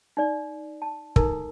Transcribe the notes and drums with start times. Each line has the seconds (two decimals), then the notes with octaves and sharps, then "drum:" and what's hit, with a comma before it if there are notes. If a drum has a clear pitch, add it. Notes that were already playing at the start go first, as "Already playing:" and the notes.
0.17 D#4 D5
0.82 A5
1.16 D#4 E4 A4 A#4, drum: kick